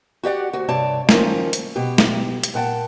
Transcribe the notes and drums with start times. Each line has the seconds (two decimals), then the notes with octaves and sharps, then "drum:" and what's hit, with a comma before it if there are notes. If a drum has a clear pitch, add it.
0.23 F#4 G4 D5 F#5
0.53 D2 F#4
0.68 G2 C3 C#5 D5 A5
1.09 D#3 F3 A#3 C#4, drum: snare
1.53 drum: hi-hat
1.76 B2 G4
1.98 drum: snare
2.44 drum: hi-hat
2.54 A#2 F#5 G5 A5